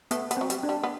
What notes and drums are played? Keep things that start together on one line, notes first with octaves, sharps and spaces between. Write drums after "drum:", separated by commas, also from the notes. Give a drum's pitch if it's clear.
A3 B3, drum: hi-hat
B3, drum: hi-hat
F#3 C4
G3, drum: hi-hat
D4
G3
B3